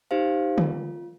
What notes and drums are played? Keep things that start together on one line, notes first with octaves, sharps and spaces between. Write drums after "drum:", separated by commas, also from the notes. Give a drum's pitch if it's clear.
D#4 G4 C5 F5
F4, drum: tom D3